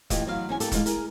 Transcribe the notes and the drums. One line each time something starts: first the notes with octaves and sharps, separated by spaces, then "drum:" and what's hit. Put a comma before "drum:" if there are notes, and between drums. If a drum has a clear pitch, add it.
A2 E3 F4 G4 D#5, drum: kick E1, hi-hat
E2 F#3 B3 F5
E2 C#4 G#5
E2 A#3 G4 A4, drum: hi-hat
D2 G#2 E3 G#3 F4 F5, drum: kick E1, hi-hat
G#4 A#4, drum: hi-hat